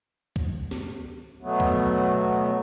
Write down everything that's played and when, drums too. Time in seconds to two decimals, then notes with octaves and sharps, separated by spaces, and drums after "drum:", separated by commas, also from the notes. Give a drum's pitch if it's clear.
0.36 drum: kick
0.71 drum: snare
1.42 B2 F#3 A3 B3
1.60 drum: kick